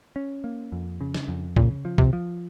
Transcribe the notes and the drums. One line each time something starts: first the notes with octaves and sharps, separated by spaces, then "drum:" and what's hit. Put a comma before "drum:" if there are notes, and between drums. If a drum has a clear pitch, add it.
C#4
A#3
F2
C#3
drum: snare
F2
A#2 C#3, drum: kick C2
F3
C3, drum: kick C2
F3